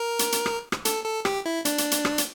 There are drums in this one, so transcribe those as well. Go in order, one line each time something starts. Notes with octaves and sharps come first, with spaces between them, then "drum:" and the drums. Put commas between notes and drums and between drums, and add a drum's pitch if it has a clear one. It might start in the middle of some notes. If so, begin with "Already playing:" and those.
Already playing: A#4
drum: hi-hat
drum: hi-hat
drum: rim click
drum: rim click
A4, drum: hi-hat
A4
G4, drum: rim click
E4
D4, drum: hi-hat
drum: hi-hat
drum: hi-hat
drum: rim click
drum: hi-hat